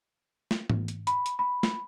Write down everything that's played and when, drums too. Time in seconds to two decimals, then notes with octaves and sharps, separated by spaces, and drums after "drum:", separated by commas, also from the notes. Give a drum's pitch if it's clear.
0.51 drum: snare
0.70 drum: tom G#2
0.88 drum: hi-hat
1.07 B5, drum: hi-hat
1.26 drum: hi-hat
1.39 B5
1.63 drum: snare